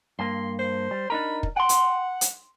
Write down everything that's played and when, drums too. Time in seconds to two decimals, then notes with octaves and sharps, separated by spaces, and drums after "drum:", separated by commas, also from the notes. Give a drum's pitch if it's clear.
0.19 G2 A#3 C6
0.59 C5
0.91 G3
1.10 D4 D#4 A#4 B5
1.43 drum: kick
1.56 F#5 G5 C6
1.69 drum: hi-hat
2.21 drum: hi-hat